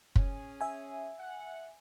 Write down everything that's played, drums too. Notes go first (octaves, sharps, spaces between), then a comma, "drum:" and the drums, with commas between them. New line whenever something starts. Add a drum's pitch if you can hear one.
C#4 G#4, drum: kick
E5 G#5
F#5